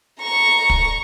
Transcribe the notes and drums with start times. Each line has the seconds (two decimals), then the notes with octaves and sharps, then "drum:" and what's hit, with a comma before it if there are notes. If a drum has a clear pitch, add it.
0.21 A#5 C#6
0.70 drum: kick